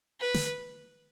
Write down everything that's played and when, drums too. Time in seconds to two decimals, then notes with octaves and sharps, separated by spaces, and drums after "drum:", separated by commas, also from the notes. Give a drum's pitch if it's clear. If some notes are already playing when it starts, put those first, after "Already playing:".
0.20 B4
0.34 drum: snare